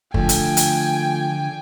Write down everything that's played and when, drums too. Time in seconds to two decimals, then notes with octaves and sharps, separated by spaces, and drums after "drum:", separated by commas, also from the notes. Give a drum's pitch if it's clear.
0.14 D3 F3 A3 G5 G#5, drum: kick
0.29 drum: hi-hat
0.57 drum: hi-hat